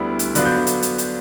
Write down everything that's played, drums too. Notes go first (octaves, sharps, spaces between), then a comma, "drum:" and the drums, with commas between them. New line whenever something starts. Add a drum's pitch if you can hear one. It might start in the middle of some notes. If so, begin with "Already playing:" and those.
Already playing: D2 D3 G3 B3 E4
drum: hi-hat
D3 F#3 B3 D4 F4 F#6, drum: hi-hat
G6
drum: hi-hat
drum: hi-hat
drum: hi-hat